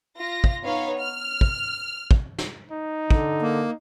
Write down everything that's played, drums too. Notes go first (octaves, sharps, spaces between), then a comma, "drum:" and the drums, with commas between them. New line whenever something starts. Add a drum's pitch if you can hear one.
F4 A#6
drum: kick
B3 D#4 C#5 F5
F6
drum: kick
drum: kick
drum: snare
D#4
D3, drum: kick
A#3